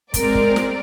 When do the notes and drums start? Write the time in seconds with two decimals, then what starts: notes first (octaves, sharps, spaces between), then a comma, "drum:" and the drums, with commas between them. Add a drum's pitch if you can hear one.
0.14 G#3 C4 A#4 D5, drum: kick, hi-hat
0.35 drum: kick
0.56 drum: snare